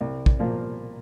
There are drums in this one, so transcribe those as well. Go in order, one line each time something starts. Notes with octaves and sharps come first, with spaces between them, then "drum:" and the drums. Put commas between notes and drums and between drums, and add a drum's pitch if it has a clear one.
C2
drum: kick
A#2 F3 A#3